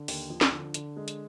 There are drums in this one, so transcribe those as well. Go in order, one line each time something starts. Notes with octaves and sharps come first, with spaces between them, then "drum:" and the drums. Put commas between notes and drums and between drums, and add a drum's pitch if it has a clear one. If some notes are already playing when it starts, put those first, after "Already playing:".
Already playing: D3
D#2, drum: open hi-hat
F3
drum: snare
D3
D3, drum: hi-hat
G#3
drum: hi-hat